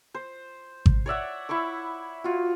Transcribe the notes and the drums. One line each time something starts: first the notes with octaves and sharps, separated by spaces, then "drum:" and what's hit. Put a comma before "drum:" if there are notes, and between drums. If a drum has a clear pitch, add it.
C5
drum: kick G#1
C#5 D5 E5 F#5
E4 B5 C#6 D6
F4 F#4